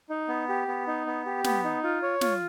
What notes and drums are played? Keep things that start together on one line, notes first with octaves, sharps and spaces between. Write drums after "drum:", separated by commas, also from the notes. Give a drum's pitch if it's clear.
D#4
B3
G4
B3
D#4
B3
G4
B3, drum: snare
D#4
F4
C#5
F4, drum: snare